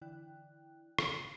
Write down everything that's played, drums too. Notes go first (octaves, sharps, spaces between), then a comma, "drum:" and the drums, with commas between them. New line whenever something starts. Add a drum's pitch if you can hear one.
D3 E3 E4 D5 G5 F#6
drum: rim click